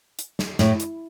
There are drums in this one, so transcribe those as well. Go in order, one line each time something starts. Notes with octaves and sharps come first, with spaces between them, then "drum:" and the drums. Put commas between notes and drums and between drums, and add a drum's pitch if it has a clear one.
drum: hi-hat
drum: snare
A2, drum: snare
drum: hi-hat